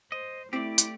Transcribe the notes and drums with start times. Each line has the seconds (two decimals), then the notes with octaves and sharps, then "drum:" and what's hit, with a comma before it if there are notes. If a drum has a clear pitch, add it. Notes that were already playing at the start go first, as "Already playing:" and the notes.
0.12 C5 D#5
0.53 A3 C4 E4 G4 D5
0.78 drum: hi-hat